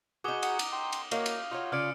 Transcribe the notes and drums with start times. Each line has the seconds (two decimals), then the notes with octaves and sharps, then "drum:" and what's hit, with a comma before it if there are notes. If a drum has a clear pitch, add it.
0.24 B3 D#4 F#4 G#4 D6 D#6 G7
0.43 F#5 D#6, drum: cymbal
0.59 drum: cymbal
0.72 G5 C6
0.92 drum: cymbal
1.11 A#3 D#4 F#4 C#5 F5, drum: cymbal
1.26 drum: cymbal
1.51 D#4 F4 F#4 C#5
1.72 C#3 F4 B4 D5 G#5 F6 C#7 D7